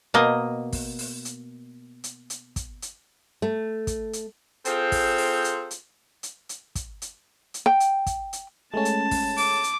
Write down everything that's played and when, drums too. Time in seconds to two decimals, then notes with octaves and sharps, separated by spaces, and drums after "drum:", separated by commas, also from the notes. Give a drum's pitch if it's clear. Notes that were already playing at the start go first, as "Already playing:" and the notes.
0.14 B2 A#3 D#5
0.73 drum: kick, open hi-hat
0.99 drum: open hi-hat
1.25 drum: hi-hat
2.04 drum: hi-hat
2.30 drum: hi-hat
2.56 drum: kick, hi-hat
2.82 drum: hi-hat
3.42 A3
3.87 drum: kick, hi-hat
4.13 drum: hi-hat
4.65 C4 F4 G#4 A4 C5, drum: hi-hat
4.92 drum: kick, open hi-hat
5.18 drum: open hi-hat
5.44 drum: hi-hat
5.71 drum: hi-hat
6.23 drum: hi-hat
6.49 drum: hi-hat
6.75 drum: kick, hi-hat
7.02 drum: hi-hat
7.54 drum: hi-hat
7.66 G5
7.80 drum: hi-hat
8.06 drum: kick, hi-hat
8.33 drum: hi-hat
8.74 G#3 A3 C#4 A5
8.85 drum: hi-hat
9.11 drum: kick, open hi-hat
9.38 D6, drum: open hi-hat
9.64 drum: hi-hat